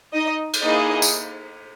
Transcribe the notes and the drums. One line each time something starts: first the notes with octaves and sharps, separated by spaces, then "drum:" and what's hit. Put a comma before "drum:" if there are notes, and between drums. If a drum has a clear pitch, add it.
D#4 D#5
drum: cymbal
A#3 D#4 E4 G#4 D#5
drum: tambourine